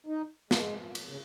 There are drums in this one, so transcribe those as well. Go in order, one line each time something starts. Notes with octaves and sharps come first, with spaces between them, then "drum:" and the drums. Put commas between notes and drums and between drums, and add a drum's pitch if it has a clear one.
D#4
G#3, drum: snare
drum: cymbal
C#3